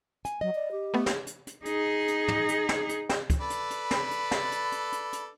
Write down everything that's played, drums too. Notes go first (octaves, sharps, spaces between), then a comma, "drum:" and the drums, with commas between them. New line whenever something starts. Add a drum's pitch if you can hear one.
G#5, drum: hi-hat
F#3 D#5
D5
G4
A3 B3
drum: snare
drum: hi-hat
drum: hi-hat
D#4 G#4, drum: hi-hat
drum: hi-hat
drum: tom
drum: hi-hat
drum: snare
drum: hi-hat
drum: snare
drum: kick C#2, hi-hat
A4 B4 D5 B5
drum: hi-hat
drum: hi-hat
drum: snare
drum: hi-hat
drum: snare
drum: hi-hat
drum: hi-hat
drum: hi-hat
drum: hi-hat